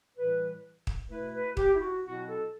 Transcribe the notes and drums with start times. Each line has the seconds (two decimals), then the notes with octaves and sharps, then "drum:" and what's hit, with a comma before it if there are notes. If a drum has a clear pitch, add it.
0.17 A2 E3 G3 B4
0.87 drum: kick
1.10 B2 A3 E4 B4
1.34 B4
1.57 G4, drum: kick
1.74 E4
1.80 F#4
2.03 B2 F#3 C4 E4 F#4
2.27 A4